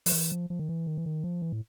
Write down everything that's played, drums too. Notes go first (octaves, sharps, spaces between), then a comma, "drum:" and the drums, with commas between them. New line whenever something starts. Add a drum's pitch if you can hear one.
F3, drum: open hi-hat
E3
F3
F3
D#3
E3
D#3
E3
D#3
F3
E3
A2